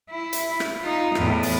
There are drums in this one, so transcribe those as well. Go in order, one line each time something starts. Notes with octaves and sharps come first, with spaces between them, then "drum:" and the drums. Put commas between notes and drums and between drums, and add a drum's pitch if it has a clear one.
E4
drum: hi-hat
drum: rim click
D#4 F4
E2 A2, drum: rim click
drum: open hi-hat